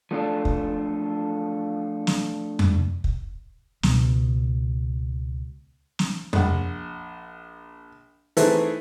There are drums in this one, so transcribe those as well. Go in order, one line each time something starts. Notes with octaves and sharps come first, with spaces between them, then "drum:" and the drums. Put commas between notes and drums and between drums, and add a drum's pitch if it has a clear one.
F3 A3 D4 F4 A4
drum: kick
drum: snare
drum: tom F2
drum: kick
C#2 B2, drum: snare
drum: snare
A#1 F#5, drum: tom F2
E3 A3 B3 C4 D#4 G#4, drum: hi-hat